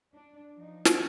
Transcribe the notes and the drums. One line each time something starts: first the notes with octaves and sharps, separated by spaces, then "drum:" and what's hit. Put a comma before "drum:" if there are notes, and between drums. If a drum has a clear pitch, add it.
D4
F3 D#4
drum: snare